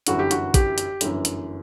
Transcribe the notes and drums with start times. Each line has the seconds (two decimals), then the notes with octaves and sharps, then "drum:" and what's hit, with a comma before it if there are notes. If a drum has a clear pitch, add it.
0.07 G1 F#2 E3 F#4, drum: hi-hat
0.19 G4
0.31 F#4, drum: hi-hat
0.54 G4, drum: kick A1, hi-hat
0.78 drum: hi-hat
1.01 G1 F#2 E3, drum: hi-hat
1.25 drum: hi-hat